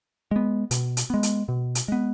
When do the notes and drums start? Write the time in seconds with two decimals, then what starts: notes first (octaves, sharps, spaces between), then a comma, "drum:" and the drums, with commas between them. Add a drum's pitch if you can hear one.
0.31 G#3 B3
0.71 B2, drum: hi-hat
0.97 drum: hi-hat
1.10 G#3 B3
1.23 drum: hi-hat
1.48 B2
1.75 drum: hi-hat
1.88 G#3 B3